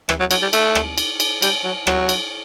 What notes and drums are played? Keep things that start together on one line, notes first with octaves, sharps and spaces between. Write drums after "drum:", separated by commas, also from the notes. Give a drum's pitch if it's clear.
E3, drum: rim click
F#3
F#3, drum: cymbal
G3
A3, drum: cymbal
drum: rim click
drum: cymbal
drum: cymbal
G3, drum: cymbal
F#3
F#3, drum: rim click
drum: cymbal